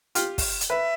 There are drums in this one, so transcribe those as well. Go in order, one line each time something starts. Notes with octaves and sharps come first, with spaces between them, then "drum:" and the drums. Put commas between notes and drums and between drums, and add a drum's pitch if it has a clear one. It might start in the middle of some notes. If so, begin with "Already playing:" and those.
F4 G4, drum: hi-hat
drum: kick, open hi-hat
drum: hi-hat
B4 E5